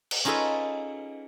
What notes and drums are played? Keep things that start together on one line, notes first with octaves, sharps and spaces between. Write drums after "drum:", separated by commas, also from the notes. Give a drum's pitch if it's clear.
drum: cymbal
C#4 D#4 F4 G#4 A4 B4